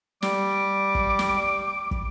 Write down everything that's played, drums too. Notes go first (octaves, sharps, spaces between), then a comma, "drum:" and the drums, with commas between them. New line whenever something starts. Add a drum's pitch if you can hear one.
G3 D6, drum: snare
drum: kick
drum: snare
drum: kick